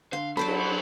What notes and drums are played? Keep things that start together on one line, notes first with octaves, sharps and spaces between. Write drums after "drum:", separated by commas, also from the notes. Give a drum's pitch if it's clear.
D3 F5 C6
F#3 D4 A4 C5 D5 B5
drum: cymbal